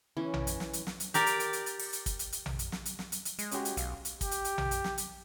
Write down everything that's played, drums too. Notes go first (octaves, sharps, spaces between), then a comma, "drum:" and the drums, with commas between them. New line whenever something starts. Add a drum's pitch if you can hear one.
E3 C#4
drum: tom A#1
drum: hi-hat
drum: snare
drum: hi-hat
drum: snare
drum: hi-hat
G4 A#4 D5, drum: hi-hat
drum: hi-hat
drum: hi-hat
drum: hi-hat
drum: hi-hat
drum: open hi-hat
drum: hi-hat
drum: kick, hi-hat
drum: hi-hat
drum: hi-hat
drum: tom A#1
drum: hi-hat
drum: snare
drum: hi-hat
drum: snare
drum: hi-hat
drum: hi-hat
G#3, drum: hi-hat
C#4 F#4 G4, drum: hi-hat
drum: hi-hat
B1 F5, drum: hi-hat
drum: hi-hat
G4, drum: kick, hi-hat
drum: hi-hat
drum: hi-hat
drum: tom A#1
drum: hi-hat
drum: snare
drum: hi-hat